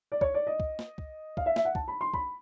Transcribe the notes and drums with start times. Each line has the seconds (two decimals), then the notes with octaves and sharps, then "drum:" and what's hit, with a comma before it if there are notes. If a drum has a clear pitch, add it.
0.12 D5
0.21 C#5, drum: kick C#2
0.34 D5
0.47 D#5
0.60 drum: kick C#2
0.79 drum: snare
0.98 drum: kick C#2
1.37 F5, drum: kick C#2
1.46 E5
1.56 E5, drum: snare
1.65 F#5
1.75 A5, drum: kick C#2
1.88 B5
2.01 C6
2.14 B5, drum: kick C#2